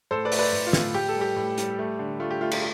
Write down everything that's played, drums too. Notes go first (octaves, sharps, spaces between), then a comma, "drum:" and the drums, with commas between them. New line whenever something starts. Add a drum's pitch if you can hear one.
A2 A4 C5
B4 D5
A3, drum: open hi-hat
B4 D5
A2
F4
A2, drum: snare
A2 G4
A4
G3
G4
A2
G3, drum: hi-hat
A3
D3
A3 F4
G4
A3 F4
F4, drum: cymbal